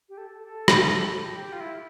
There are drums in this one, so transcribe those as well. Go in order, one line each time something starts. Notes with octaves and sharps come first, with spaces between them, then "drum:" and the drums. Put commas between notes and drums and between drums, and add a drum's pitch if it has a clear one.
G4
A4
A4
drum: rim click
G4
G4
F4
E4